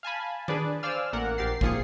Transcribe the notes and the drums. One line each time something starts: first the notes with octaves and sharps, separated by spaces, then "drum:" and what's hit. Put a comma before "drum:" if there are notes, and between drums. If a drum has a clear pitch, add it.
F5 G#5 A5 B5
D4 G#4 B4 D5 A5, drum: tom D#3
C5 D5 F5 G#5 E6 F6
A1 A#3 A#4 F#5
A#1 G4 A#4 A6 C7
G#1 A#2 F3 G#4 C7 C#7, drum: kick